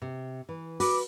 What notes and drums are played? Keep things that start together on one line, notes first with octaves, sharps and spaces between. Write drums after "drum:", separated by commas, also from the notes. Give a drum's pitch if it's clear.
C3
E3
F#4 B4 D6, drum: open hi-hat